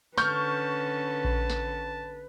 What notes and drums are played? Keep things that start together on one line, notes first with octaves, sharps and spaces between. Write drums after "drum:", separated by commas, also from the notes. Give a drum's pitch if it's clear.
D3 C#4 B4 A5 C#6 F6 G6, drum: snare
drum: kick A#1
drum: snare